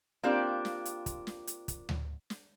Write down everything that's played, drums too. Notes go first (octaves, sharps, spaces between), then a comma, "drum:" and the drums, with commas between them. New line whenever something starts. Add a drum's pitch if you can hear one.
A#3 C4 D4 F4 G4
drum: snare
drum: hi-hat
drum: kick, hi-hat
drum: snare
drum: hi-hat
drum: kick, hi-hat
drum: tom D2
drum: snare